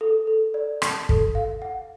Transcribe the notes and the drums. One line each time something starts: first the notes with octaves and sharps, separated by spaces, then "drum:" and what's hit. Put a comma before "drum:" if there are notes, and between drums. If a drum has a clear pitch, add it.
A4
A4
D5
A5, drum: rim click
A4, drum: kick
F5
F#5